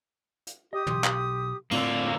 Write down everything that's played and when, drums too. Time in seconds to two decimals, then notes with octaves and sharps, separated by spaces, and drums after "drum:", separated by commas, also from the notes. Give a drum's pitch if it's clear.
0.47 drum: hi-hat
0.73 G4 D#5 D#6
0.87 B1 C6, drum: tom
1.04 drum: clap
1.71 A2 D3 A#3 C4 F4 D5, drum: cymbal